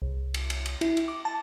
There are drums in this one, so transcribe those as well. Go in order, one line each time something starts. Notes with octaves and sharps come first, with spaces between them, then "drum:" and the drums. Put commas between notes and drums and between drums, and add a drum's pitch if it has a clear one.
C2
drum: cymbal
drum: cymbal
drum: cymbal
E4, drum: cymbal
drum: cymbal
D6
A5